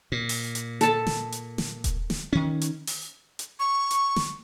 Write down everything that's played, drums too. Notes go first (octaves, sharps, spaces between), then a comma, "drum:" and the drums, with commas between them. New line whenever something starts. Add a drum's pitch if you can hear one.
A#2
drum: open hi-hat
drum: hi-hat
A4 A5, drum: hi-hat
drum: snare
drum: hi-hat
drum: snare
drum: kick D#1, hi-hat
drum: snare
D#3 C#4
drum: hi-hat
drum: open hi-hat
drum: hi-hat
C#6
drum: hi-hat
drum: snare